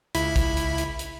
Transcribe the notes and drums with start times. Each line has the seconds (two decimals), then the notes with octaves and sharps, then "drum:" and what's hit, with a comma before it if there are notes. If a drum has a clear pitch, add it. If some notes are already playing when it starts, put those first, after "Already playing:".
0.15 C#2 E4 B5, drum: hi-hat
0.36 drum: kick, hi-hat
0.57 drum: hi-hat
0.78 drum: hi-hat
0.99 drum: hi-hat